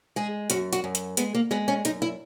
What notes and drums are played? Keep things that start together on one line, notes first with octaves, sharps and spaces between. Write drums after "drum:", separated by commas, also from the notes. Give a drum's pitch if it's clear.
G#3 G#4
F#2 F#4, drum: hi-hat
F#4, drum: hi-hat
F#2
drum: hi-hat
G#3 B3, drum: hi-hat
A#3
G#3 B3
C#4
F#2 D#4, drum: hi-hat
E4